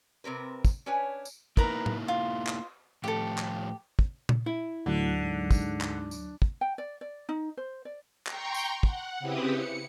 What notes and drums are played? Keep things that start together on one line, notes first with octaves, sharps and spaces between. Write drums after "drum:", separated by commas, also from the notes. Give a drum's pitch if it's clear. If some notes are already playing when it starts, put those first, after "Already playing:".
C3 C4 A#4 B4
drum: kick, tambourine
C#4 D4 B4 C#5 G#5
drum: tambourine
A#3 D#4 E4 A#4 B4 A#5, drum: kick
drum: tom A2
F4
drum: clap
A2 F3 A3 G4 A4
drum: clap
drum: kick
drum: tom A#2
E4
D2 A2 D3 F#3 F#6
G#2
drum: kick, tambourine
drum: clap
drum: tambourine
drum: kick
G5
D5
D5
D#4
C5
D5
G5 A#5 C6 C#6 G6, drum: clap
drum: tambourine
F#5, drum: kick
C#3 C4 E4 G4 B4 D#6
C#7